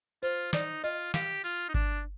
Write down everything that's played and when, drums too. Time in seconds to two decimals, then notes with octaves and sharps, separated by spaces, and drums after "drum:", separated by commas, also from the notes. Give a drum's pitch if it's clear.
0.23 F4 C5, drum: hi-hat
0.53 D#4 D5, drum: snare
0.84 F4 D#5, drum: hi-hat
1.14 G4 F5, drum: snare
1.44 F4, drum: hi-hat
1.69 D#4
1.74 D4, drum: kick G1, hi-hat